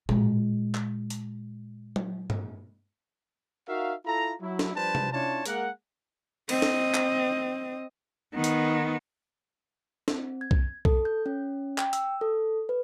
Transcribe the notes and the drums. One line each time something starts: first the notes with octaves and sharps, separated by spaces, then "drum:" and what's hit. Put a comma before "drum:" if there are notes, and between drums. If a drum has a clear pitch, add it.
A#2 G#3, drum: tom A2
drum: clap
drum: hi-hat
drum: tom F#3
drum: tom
D#4 F#4 A#4 E5 F5
E4 F4 A4 A#5
F#3 E4
drum: snare
F3 G3 D4 B4 C5 A5
drum: tom C3
C#4 D4 E4 F4 C#5 A5
G#3 A#3 G#4 A#4 F#5, drum: hi-hat
C4 D#5, drum: cymbal
drum: snare
drum: clap
D#3 B3
drum: hi-hat
C4, drum: snare
G#6
drum: kick B1
A4, drum: kick B1
G6
C#4
G5, drum: clap
E6, drum: hi-hat
A4
B4